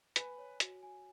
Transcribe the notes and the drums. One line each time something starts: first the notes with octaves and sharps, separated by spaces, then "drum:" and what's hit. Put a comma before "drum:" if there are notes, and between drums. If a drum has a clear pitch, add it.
B4 G#5, drum: hi-hat
C#5
F#4, drum: hi-hat
G#5